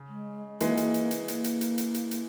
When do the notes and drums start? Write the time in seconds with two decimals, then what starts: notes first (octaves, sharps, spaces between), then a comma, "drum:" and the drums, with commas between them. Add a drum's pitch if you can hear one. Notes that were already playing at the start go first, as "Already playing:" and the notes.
Already playing: C#3
0.08 G#3
0.60 E3 G#3 A#3, drum: hi-hat
0.77 drum: hi-hat
0.94 drum: hi-hat
1.11 drum: hi-hat
1.28 A#3, drum: hi-hat
1.44 drum: hi-hat
1.61 drum: hi-hat
1.78 drum: hi-hat
1.94 drum: hi-hat
2.11 drum: hi-hat